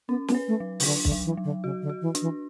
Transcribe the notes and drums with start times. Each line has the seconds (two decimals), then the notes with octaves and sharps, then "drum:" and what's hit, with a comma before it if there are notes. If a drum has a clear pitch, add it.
0.09 B3 C#4
0.28 B3, drum: snare
0.35 B4
0.48 A3
0.60 F#3
0.80 C#3, drum: open hi-hat
0.86 D3 D4
1.05 D3, drum: kick
1.11 F#3
1.25 E3
1.37 F#3
1.44 D3
1.64 C#3 F#4
1.82 D3
1.89 F#4
2.02 E3
2.15 D4, drum: hi-hat
2.22 E3